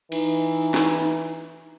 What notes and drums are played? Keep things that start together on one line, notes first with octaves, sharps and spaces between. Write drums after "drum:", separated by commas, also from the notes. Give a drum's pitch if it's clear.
E3 D#4, drum: cymbal
drum: snare